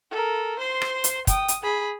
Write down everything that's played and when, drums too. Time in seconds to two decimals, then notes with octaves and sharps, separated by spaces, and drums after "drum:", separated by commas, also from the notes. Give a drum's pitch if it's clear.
0.11 A4 A#4
0.59 C5 C6
0.82 drum: rim click
1.04 drum: hi-hat
1.27 G5 D#6, drum: kick, hi-hat
1.48 drum: hi-hat
1.63 G#4 B5